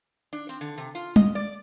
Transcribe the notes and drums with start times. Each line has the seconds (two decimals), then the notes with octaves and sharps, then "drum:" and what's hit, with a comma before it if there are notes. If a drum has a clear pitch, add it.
0.33 D4
0.49 C4
0.61 D3
0.78 C3
0.95 F4
1.16 D#5, drum: tom G3
1.35 D5